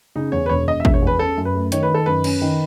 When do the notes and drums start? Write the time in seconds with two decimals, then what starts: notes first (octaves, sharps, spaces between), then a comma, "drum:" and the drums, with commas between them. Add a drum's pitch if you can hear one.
0.15 C#3 D#4
0.32 E2 C#5
0.46 B4
0.49 E1 C#5
0.67 E1 D#5
0.80 E5
0.85 E1, drum: kick G#1
0.94 C#5
1.02 E2 B4
1.19 C#4 A4
1.37 F#2
1.45 B4
1.55 A3
1.72 D#3 C#5, drum: hi-hat
1.83 B4
1.89 D#3
1.94 A4
2.06 F#2 B4
2.24 C#4, drum: cymbal
2.41 D#3